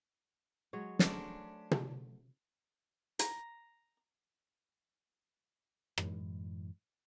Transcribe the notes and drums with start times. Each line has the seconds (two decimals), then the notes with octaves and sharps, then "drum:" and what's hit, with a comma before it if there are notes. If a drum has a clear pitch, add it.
0.73 F#3 G#3 C#5
0.99 A3 C#4 D4 A#4 C5, drum: snare
1.71 drum: tom
3.19 A#5, drum: hi-hat
5.98 F#2 A2 E3 G#3, drum: rim click